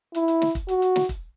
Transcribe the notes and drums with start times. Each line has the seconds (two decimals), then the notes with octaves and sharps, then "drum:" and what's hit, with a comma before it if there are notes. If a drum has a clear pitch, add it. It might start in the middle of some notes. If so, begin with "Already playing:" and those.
0.15 E4, drum: hi-hat
0.28 drum: hi-hat
0.42 drum: snare
0.55 drum: kick, hi-hat
0.68 F#4, drum: hi-hat
0.82 drum: hi-hat
0.96 drum: snare
1.09 drum: kick, hi-hat